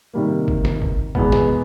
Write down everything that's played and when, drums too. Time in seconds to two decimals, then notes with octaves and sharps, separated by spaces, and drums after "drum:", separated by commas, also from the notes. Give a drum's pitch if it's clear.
0.14 C3 D#3 G3 A#3
0.48 drum: kick
0.65 drum: snare
0.82 drum: kick
1.15 E2 B2 G#3 B3, drum: kick
1.32 drum: snare